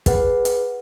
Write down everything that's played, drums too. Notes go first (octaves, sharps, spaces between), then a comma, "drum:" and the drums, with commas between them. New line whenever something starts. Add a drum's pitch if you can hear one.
G#4 B4 F#5, drum: kick, hi-hat
drum: hi-hat